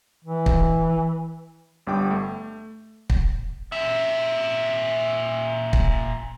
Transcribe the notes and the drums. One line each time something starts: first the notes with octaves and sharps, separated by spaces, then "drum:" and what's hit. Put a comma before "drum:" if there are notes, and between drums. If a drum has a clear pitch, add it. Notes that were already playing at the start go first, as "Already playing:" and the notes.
E3
drum: kick
G1 G2 G5 D6
A3
drum: kick
A#2 E5
drum: kick